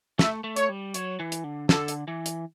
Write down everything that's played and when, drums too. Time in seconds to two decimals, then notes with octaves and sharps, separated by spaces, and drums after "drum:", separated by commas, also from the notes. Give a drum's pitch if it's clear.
0.19 A3 E5, drum: snare
0.44 A3
0.56 C#5, drum: hi-hat
0.69 G3
0.94 F#3 C#5, drum: hi-hat
1.20 E3
1.32 drum: hi-hat
1.44 D3
1.69 D3 A4, drum: snare
1.88 drum: hi-hat
2.08 E3
2.26 drum: hi-hat